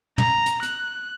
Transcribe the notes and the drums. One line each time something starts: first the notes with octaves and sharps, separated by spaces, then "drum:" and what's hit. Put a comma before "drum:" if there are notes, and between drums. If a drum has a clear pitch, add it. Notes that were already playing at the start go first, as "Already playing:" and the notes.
A#5, drum: tom
drum: hi-hat
F#6, drum: hi-hat